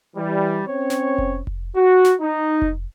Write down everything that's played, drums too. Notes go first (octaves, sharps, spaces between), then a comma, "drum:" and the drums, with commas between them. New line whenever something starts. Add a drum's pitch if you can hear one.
E3 G3
C4 C#4 C#5
drum: snare
drum: kick F1
drum: kick F1
F#4
drum: snare
D#4
drum: kick F1